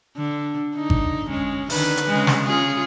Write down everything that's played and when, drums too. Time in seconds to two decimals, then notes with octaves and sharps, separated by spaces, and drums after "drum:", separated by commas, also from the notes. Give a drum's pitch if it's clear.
0.16 D3
0.75 D3 D#4
0.90 drum: kick G#1
1.29 G#3 C#4
1.70 D3 D#3 B4, drum: open hi-hat
1.97 drum: hi-hat
2.08 C#3 G#3
2.27 drum: snare
2.45 C#4 F4 G#4